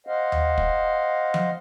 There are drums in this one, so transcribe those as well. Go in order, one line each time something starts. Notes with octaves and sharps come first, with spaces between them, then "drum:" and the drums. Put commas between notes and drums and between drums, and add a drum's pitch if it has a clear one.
C5 D#5 F5 F#5
drum: tom D#2
drum: kick
drum: tom F3